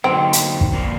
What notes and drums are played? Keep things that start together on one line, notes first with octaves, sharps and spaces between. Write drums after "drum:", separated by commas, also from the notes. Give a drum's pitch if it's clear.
D3 F#3 A#3 C4 D#4
drum: hi-hat
drum: kick
F2 D3 F3 A#3 D4